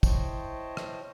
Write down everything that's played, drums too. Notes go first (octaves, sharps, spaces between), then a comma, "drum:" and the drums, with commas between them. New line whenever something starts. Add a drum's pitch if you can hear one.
E4 C5 C#5 D#5 G5 A5, drum: kick, tambourine
drum: rim click